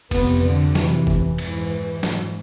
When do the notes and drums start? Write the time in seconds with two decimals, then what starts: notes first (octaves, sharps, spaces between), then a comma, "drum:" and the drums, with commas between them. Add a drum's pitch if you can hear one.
0.11 F2 C3 B3, drum: kick, cymbal
0.43 D3
0.75 F2 C3 E3, drum: snare
1.07 drum: kick
1.38 G#2 E3, drum: cymbal
2.03 G#2, drum: snare